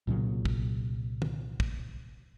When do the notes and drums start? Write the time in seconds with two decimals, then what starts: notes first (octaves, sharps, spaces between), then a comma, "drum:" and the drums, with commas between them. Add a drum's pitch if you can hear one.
0.07 C2 A#2 C#3 F#3
0.45 drum: kick
1.22 drum: tom
1.60 drum: kick